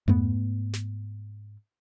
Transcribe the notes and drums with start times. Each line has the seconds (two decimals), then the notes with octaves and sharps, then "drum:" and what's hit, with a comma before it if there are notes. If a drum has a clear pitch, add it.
0.08 G#2 A3 B3, drum: tom F2
0.73 drum: snare